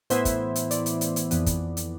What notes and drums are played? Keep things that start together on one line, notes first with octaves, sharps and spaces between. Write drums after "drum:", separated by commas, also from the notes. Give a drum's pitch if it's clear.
A2 E3 B3 E4 C5, drum: hi-hat
drum: kick, hi-hat
drum: hi-hat
D5, drum: hi-hat
drum: hi-hat
drum: hi-hat
drum: hi-hat
F2 E3 B3, drum: hi-hat
drum: kick, hi-hat
drum: hi-hat